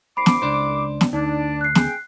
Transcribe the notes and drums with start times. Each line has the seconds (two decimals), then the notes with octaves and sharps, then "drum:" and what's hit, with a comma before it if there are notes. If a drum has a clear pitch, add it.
0.17 C2 B5 D6 C7
0.26 drum: snare
0.42 C#2 D4 C5
1.01 drum: snare
1.13 D2 D4 D#4
1.61 F#6 C7
1.75 G#4 G5, drum: snare